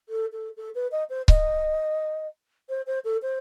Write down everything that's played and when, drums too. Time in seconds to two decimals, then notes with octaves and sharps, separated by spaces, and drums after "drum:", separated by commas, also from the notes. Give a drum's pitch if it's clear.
0.09 A4
0.33 A4
0.57 A4
0.75 B4
0.91 D#5
1.09 C5
1.28 D#5, drum: kick C#1
2.69 C5
2.87 C5
3.04 A4
3.22 C5